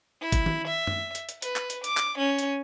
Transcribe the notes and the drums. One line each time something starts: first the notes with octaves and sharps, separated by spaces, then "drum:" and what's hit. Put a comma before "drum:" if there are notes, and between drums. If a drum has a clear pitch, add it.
E4
drum: kick, hi-hat
drum: tom D#3
E5
drum: tom
drum: hi-hat
drum: hi-hat
B4, drum: hi-hat
drum: clap
drum: hi-hat
D6, drum: hi-hat
drum: clap
C#4
drum: hi-hat